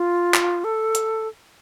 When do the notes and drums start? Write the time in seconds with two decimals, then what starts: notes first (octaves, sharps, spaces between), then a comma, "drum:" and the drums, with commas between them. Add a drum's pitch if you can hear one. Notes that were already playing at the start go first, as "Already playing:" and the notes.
Already playing: F4
0.34 drum: clap
0.64 A4
0.95 drum: hi-hat